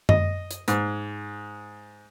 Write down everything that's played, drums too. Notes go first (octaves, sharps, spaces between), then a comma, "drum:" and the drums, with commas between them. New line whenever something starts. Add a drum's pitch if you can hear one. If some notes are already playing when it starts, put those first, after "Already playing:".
D#5, drum: tom F#2
drum: hi-hat
G#2, drum: hi-hat